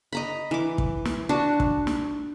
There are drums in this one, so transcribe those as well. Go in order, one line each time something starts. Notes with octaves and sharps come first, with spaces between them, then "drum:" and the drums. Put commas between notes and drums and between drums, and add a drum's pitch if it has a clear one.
D#5 A#5 B5
E3 D6
drum: kick
drum: snare
D4 F#4 A5
drum: kick
drum: snare